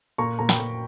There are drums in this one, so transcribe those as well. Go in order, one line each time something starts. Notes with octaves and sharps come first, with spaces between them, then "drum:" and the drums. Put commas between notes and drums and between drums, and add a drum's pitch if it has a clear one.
A#2 A#5 C#6
A#2 A#5
G5 B5, drum: snare
A#2